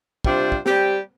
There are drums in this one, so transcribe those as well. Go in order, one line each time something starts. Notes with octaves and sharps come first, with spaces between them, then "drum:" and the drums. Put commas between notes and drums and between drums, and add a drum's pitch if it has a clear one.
C3 G3 D4 F4 C5, drum: kick
drum: kick
G3 C4 G4, drum: snare